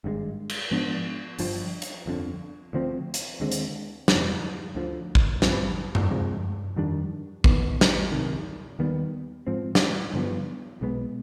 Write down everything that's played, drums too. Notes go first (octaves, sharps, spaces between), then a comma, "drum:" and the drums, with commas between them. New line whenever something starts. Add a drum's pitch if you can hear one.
G#1 G2 D#3 G#3
drum: cymbal
G#2 F3 B3 D4
G1 G2 F3, drum: open hi-hat
drum: hi-hat
G1 F2 D3
D2 D3 F3 C4
drum: hi-hat
D#2 D3 G#3 C4
drum: hi-hat
G1 F2 C3, drum: snare
D2 D3 F3
drum: kick A1
G1 G2 F3 C4, drum: snare
drum: tom F#2
D2 C3 F3 G#3
F2 D#3 G3 D4
D#2 D#3 B3, drum: kick A1
drum: snare
C2 C3 D#3
D#2 D#3 G3 B3
G#2 F3 C4
drum: snare
G2 D3 F3 B3
B1 B2 G#3 B3